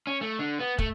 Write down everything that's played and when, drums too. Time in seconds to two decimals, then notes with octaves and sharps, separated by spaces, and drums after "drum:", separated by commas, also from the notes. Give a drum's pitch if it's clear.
0.07 C#4
0.21 A3
0.39 D3
0.59 B3
0.78 A3, drum: kick